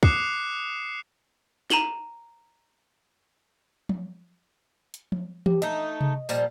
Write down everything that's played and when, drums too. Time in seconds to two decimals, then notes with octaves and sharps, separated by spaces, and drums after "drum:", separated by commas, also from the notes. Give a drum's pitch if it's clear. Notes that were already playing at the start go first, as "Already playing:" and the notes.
0.03 D6 D#6 F#6 C7 C#7, drum: kick
1.70 A#5 D#7 E7 F#7 G7, drum: snare
3.89 drum: tom F3
4.94 drum: hi-hat
5.12 drum: tom F3
5.46 G4, drum: tom E3
5.62 A3 D#4 D#5, drum: hi-hat
6.01 drum: tom C3
6.29 A#2 F3 G3, drum: tambourine